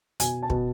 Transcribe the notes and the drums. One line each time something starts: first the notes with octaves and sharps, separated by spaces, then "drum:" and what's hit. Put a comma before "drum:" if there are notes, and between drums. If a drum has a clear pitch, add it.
B2 G#5, drum: hi-hat
A5
B2, drum: kick